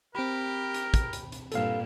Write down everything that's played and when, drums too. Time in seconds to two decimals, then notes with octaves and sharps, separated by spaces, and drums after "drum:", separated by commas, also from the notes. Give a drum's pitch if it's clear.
0.15 C4 G4 A#4 B5
0.74 drum: hi-hat
0.94 drum: kick, hi-hat
1.13 drum: hi-hat
1.32 drum: hi-hat
1.52 G2 A#2 A4 F5, drum: hi-hat